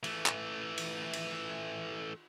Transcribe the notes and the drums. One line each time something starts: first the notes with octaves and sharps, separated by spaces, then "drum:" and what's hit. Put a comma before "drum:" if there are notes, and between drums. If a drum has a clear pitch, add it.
E3 A3, drum: cymbal
drum: clap
drum: cymbal
drum: cymbal